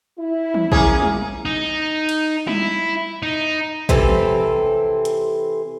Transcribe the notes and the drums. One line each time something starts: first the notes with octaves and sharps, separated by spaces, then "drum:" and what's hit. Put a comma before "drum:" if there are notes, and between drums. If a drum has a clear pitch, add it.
E4
drum: tom E3
A#3 C#4 G#4, drum: kick
drum: tom G3
D#4
drum: cymbal
E4, drum: tom G3
D#4
C3 E3 C4 A4, drum: kick
drum: tom E3
drum: hi-hat